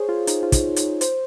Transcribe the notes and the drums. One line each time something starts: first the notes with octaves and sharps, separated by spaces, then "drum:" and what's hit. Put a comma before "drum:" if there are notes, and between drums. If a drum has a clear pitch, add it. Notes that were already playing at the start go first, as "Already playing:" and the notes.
Already playing: G#4 C5 C#5
F4
D#4, drum: hi-hat
F4
D#4, drum: kick, hi-hat
drum: hi-hat
C5, drum: hi-hat